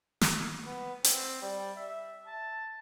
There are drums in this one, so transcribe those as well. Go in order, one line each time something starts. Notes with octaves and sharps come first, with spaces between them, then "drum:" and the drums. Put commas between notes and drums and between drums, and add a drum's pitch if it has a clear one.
drum: snare
B3
C4, drum: hi-hat
G3
E5
A5